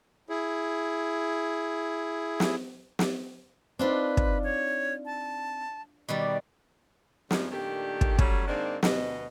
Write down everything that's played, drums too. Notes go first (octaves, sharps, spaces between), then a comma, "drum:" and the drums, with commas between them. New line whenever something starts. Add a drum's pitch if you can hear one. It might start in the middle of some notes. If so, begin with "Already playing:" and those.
E4 G#4
drum: snare
drum: snare
C4 D4 D#4 F4 B4 C6
drum: kick
C#5
A5
B2 D#3 G3 D5
F#2 C#3 F3 G3 G#3 D4, drum: snare
A#2 D#3 A3 D4 G4
drum: kick
F#3 G3 A3 C#4, drum: kick
G#2 D#3 A#3 C4 D4
D2 B2 D#5, drum: snare